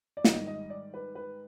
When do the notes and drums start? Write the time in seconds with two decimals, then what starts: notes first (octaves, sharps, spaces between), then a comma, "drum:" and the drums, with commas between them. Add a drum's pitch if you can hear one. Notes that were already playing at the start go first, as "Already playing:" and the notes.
0.17 D5
0.24 G#2 D#3 G3 D#5, drum: snare
0.47 D#5
0.70 D5
0.94 B4
1.15 B4